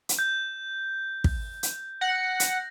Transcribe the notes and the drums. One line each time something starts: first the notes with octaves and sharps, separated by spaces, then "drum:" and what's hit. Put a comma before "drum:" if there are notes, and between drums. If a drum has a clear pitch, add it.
drum: hi-hat
G6
drum: kick
drum: hi-hat
F#5 A#6
drum: hi-hat